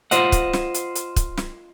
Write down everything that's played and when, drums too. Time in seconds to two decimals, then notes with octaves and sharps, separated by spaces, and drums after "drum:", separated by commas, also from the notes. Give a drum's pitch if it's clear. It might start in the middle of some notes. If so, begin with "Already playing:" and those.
0.11 F4 C5 D#5 F#5, drum: hi-hat
0.32 drum: kick, hi-hat
0.53 drum: snare
0.74 drum: hi-hat
0.95 drum: hi-hat
1.16 drum: kick, hi-hat
1.37 drum: snare